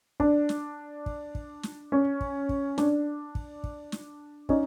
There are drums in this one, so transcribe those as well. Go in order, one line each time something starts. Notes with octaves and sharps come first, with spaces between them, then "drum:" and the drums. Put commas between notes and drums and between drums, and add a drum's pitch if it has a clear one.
D4, drum: kick
drum: snare
drum: kick
drum: kick
drum: snare
C#4
drum: kick
drum: kick
D4, drum: snare
drum: kick
drum: kick
drum: snare
C#4 D#4, drum: kick